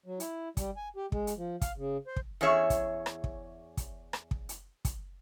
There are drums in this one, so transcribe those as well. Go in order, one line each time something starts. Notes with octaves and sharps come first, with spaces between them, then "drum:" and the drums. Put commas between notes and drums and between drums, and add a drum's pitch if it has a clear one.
F#3
E4, drum: hi-hat
G3, drum: kick, hi-hat
G#5
G4
G#3, drum: kick
drum: hi-hat
F3
F5, drum: kick, hi-hat
C#3
C5
drum: kick
E2 C#4 G#4 C#5 E5
drum: kick, hi-hat
drum: rim click
drum: kick
drum: kick, hi-hat
drum: rim click
drum: kick
drum: hi-hat
drum: kick, hi-hat